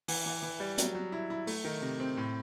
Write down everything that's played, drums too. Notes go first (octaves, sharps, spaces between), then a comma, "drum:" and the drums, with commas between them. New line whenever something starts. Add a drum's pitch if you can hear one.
E3, drum: open hi-hat
E3
E3
G3
F#3, drum: hi-hat
F#3
E4
E4
A3, drum: open hi-hat
D#3
C3
C4
A2